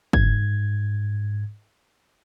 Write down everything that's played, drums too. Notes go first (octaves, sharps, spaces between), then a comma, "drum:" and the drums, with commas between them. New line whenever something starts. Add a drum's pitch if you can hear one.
G#2 G#6, drum: kick G1